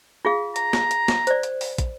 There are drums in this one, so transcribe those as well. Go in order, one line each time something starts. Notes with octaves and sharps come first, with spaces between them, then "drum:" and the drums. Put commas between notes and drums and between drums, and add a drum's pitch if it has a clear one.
F4 G#4 F5
A#5, drum: hi-hat
drum: snare
drum: hi-hat
drum: snare
C5 D5, drum: hi-hat
drum: hi-hat
drum: open hi-hat
drum: kick, hi-hat